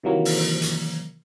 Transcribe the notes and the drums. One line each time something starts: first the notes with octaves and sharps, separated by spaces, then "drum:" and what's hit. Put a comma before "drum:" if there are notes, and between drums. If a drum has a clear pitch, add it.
C3 D#3 E3 F#3 A#3
drum: open hi-hat
drum: hi-hat